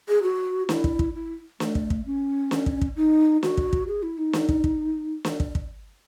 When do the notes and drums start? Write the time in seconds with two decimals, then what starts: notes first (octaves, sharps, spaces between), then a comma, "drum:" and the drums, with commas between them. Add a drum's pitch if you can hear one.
0.09 G#4
0.23 F#4
0.69 E4, drum: snare
0.84 drum: kick
0.99 drum: kick
1.14 E4
1.60 A3, drum: snare
1.75 drum: kick
1.90 drum: kick
2.06 C#4
2.51 drum: snare
2.66 drum: kick
2.81 drum: kick
2.96 D#4
3.43 F#4, drum: snare
3.57 drum: kick
3.73 drum: kick
3.88 G#4
4.03 E4
4.18 D#4
4.33 drum: snare
4.49 drum: kick
4.64 drum: kick
5.25 drum: snare
5.40 drum: kick
5.55 drum: kick